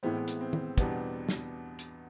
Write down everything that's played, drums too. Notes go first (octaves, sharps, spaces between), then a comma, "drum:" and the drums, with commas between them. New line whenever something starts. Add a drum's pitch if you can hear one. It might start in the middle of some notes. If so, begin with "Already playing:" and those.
A2 E3 G#3 B3 C4
drum: hi-hat
C4
drum: tom D#3
E2 B2 G3 B3 D4, drum: kick, hi-hat
drum: snare
drum: hi-hat